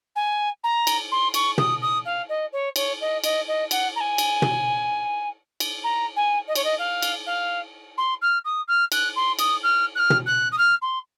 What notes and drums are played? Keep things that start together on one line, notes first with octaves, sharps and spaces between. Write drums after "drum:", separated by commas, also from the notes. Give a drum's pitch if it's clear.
G#5
A#5
drum: cymbal
C6
C#6, drum: cymbal
D#6, drum: tom
D#6
F5
D#5
C#5
C#5, drum: cymbal
D#5
D#5, drum: cymbal
D#5
F#5, drum: cymbal
A#5
G#5
drum: cymbal
drum: tom
drum: cymbal
A#5
G#5
D#5
C#5, drum: cymbal
D#5
F5
drum: cymbal
F5
C6
F6
D#6
F6
F#6, drum: cymbal
C6
D#6, drum: cymbal
F6
F#6
F6
drum: tom
F#6
D#6
F6
C6